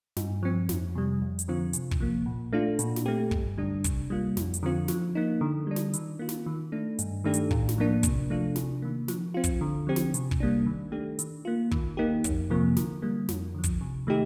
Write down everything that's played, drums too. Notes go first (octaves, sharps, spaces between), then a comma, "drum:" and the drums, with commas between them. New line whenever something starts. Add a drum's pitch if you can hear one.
G2, drum: snare
F3 C4
F2, drum: snare
C3 G3
F2
drum: hi-hat
D3 F3 C4 F4
C3, drum: hi-hat
drum: kick
F3 A#3
A#2
A3 D4 F4
A#2, drum: hi-hat
drum: snare
A3 C4 G4
G2, drum: kick
D3 G3 D4
C3, drum: kick, hi-hat
G3 A#3 F4
F2, drum: snare
drum: hi-hat
D3 F3 C4 F4
F3, drum: snare
A#3 D#4
D3
G3 D4
drum: snare
D#3, drum: hi-hat
A#3 F4
drum: snare
D#3
A3 D4
G2, drum: hi-hat
D#3 A3 D4 G4
drum: hi-hat
A2, drum: kick
drum: snare
F3 A#3 D4
C3, drum: kick, hi-hat
F3 A3 D4 F4
C3, drum: snare
D#3 A#3
F3, drum: snare
C4 F4
drum: kick, hi-hat
D3
F3 C4 G4
drum: snare
C3, drum: hi-hat
drum: kick
G3 A#3 D4
D#3
A3 D4 G4
D#3, drum: hi-hat
A#3 F4
D#3, drum: kick
A#3 D#4 G4
F2, drum: kick, hi-hat
C3 F3 A#3
D3, drum: snare
G3 A#3
F2, drum: snare
D3 F3
drum: kick, hi-hat
C3
D#3 A3 D#4 G4